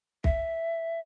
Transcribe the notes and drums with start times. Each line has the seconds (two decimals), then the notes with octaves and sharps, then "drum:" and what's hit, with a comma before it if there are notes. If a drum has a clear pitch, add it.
0.24 E5, drum: kick